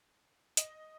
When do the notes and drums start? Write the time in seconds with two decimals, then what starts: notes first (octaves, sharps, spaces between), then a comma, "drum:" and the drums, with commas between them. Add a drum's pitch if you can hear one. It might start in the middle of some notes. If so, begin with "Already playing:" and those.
0.57 D#5, drum: hi-hat